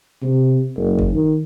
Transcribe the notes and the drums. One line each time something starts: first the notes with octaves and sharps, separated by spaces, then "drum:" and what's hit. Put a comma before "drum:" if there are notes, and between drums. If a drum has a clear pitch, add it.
C3
F#1
drum: kick G1
D#3